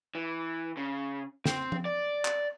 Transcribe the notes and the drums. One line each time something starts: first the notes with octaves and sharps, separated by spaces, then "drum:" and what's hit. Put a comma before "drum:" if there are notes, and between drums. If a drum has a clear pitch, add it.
E3
C#3
C4, drum: snare
drum: tom F3
D5
drum: clap